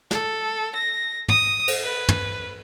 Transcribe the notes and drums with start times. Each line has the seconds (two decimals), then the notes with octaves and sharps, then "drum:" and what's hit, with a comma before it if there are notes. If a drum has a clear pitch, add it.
0.11 A4, drum: snare
0.75 A#6
1.28 D#6, drum: tom
1.68 drum: cymbal
1.83 B4
2.08 drum: tom